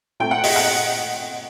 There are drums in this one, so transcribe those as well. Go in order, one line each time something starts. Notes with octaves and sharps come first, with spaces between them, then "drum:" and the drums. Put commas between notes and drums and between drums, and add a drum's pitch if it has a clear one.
A#2 A3 C4 G5
F#5
D#5, drum: open hi-hat
F#5